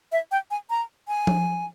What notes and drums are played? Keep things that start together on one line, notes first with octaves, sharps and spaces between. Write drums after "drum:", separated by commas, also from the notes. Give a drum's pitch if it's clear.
E5
G5
G#5
A#5
G#5
drum: tom F3